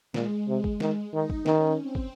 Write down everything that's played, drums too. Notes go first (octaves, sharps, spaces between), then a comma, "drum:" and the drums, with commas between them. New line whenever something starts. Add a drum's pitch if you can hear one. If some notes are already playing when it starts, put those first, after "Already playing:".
A#2 G#3, drum: snare
C3 G#3
drum: kick
D#3 G#3, drum: snare
D#3 D#4
drum: kick
D#3 C#4, drum: snare
C4
drum: kick